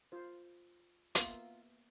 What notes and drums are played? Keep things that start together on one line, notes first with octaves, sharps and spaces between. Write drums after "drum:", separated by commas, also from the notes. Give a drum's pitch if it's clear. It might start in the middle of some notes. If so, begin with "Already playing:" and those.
F4 C5
A#3 B3 F4 E5, drum: hi-hat